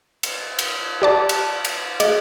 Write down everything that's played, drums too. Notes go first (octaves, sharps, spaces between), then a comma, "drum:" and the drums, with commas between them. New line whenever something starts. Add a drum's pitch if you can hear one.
drum: cymbal
drum: cymbal
G4 D5 A5
drum: cymbal
drum: cymbal
G#4 D#5, drum: cymbal